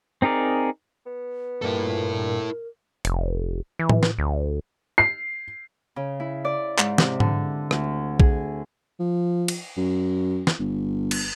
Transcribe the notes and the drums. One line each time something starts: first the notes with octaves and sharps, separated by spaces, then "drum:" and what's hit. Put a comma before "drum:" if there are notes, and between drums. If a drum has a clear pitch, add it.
C4 D#4 G#4 A#4 D5
B3
G2 A#2 E4 A4 A#4
F1, drum: hi-hat
E3
drum: tom A2
drum: snare
D2
C7
C#3
E4
D5
G#2, drum: clap
C3, drum: snare
D3, drum: tom G#2
D2, drum: rim click
G#4, drum: kick
F3
drum: cymbal
F#2
drum: snare
G1
drum: cymbal